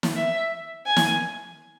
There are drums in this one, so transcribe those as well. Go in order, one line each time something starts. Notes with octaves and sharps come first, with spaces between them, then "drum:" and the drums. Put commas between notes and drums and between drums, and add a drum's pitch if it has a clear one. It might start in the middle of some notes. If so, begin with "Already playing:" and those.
drum: snare
E5
G#5
drum: snare